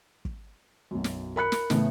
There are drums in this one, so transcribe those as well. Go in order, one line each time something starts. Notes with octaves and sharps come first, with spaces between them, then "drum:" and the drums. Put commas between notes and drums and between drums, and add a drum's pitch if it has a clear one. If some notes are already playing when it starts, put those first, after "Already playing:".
drum: kick
B1 F#2
drum: snare
A#4 B5 F#6 C#7
drum: snare
A2 C#3 E3 A3 B3, drum: snare